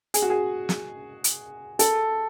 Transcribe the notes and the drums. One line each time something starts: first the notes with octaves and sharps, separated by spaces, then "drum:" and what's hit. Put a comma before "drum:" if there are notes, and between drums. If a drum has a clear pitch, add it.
G#4, drum: hi-hat
F#4
G#4
drum: snare
drum: hi-hat
A4, drum: hi-hat